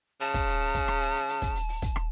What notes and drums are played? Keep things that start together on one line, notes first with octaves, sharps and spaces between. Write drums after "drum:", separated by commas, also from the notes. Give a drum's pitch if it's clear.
C#3 A5
drum: kick, hi-hat
drum: hi-hat
drum: open hi-hat
drum: kick, hi-hat
drum: rim click
drum: hi-hat
drum: hi-hat
drum: hi-hat
drum: kick, hi-hat
drum: hi-hat
drum: open hi-hat
drum: kick, hi-hat
drum: rim click